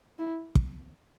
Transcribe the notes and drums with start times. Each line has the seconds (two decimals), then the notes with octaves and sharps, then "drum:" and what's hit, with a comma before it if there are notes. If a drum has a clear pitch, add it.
0.19 E4
0.55 drum: kick